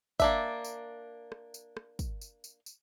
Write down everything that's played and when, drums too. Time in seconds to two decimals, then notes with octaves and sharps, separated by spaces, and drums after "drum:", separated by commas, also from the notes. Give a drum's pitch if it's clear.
0.20 A#3 D4 E5, drum: kick, tambourine
0.64 drum: tambourine
1.32 drum: rim click
1.54 drum: tambourine
1.77 drum: rim click
1.99 drum: kick, tambourine
2.21 drum: tambourine
2.44 drum: tambourine
2.66 drum: tambourine